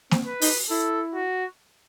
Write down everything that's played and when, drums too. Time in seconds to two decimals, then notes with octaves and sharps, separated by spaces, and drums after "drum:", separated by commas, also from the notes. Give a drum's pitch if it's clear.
0.11 C4, drum: snare A#3
0.26 B4
0.41 D#4, drum: open hi-hat
0.70 E4 A4
1.14 F#4